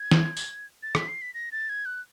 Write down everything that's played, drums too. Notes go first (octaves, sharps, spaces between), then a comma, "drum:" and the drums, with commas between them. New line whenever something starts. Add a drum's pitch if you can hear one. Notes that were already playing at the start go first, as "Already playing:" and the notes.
Already playing: G#6
drum: snare
drum: tambourine
A6
B6, drum: rim click
C7
B6
A#6
A6
G#6
F#6